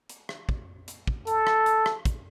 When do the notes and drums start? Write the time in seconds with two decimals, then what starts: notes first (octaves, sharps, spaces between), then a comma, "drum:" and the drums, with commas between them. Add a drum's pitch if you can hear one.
0.09 drum: hi-hat
0.29 drum: rim click
0.49 drum: kick
0.88 drum: hi-hat
1.07 drum: kick
1.27 A4, drum: hi-hat
1.47 drum: rim click
1.66 drum: hi-hat
1.86 drum: rim click
2.05 drum: kick, hi-hat